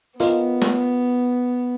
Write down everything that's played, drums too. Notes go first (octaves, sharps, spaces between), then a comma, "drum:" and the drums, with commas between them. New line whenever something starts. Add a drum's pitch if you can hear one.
B3 F4 A#4 D#5, drum: hi-hat
drum: snare